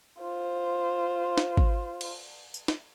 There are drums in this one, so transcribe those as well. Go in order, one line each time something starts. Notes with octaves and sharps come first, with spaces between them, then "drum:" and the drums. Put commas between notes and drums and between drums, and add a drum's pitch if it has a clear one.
F4 C5
drum: snare
drum: kick G#1
drum: cymbal
drum: tambourine
drum: snare